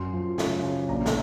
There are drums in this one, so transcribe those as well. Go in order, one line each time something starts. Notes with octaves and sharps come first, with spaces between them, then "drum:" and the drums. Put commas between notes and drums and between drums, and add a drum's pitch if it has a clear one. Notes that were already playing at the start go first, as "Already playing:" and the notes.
Already playing: F#2 C6
F3
C#3, drum: snare
C#3
A#1 A#5
drum: snare